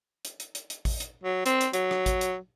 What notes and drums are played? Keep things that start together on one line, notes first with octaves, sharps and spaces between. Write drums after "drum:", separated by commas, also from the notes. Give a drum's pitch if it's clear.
drum: hi-hat
drum: hi-hat
drum: hi-hat
drum: hi-hat
drum: kick A1, open hi-hat
drum: hi-hat
F#3
C4, drum: hi-hat
drum: hi-hat
F#3, drum: hi-hat
drum: rim click
drum: kick A1, hi-hat
drum: hi-hat